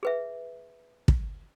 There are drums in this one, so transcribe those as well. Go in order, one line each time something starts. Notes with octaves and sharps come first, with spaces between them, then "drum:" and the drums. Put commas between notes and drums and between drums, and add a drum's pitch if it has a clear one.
G#4 B4 E5
drum: kick